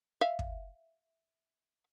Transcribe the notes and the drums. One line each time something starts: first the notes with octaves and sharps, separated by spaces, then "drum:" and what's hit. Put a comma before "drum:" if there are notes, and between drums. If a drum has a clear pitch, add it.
E5 F5
drum: kick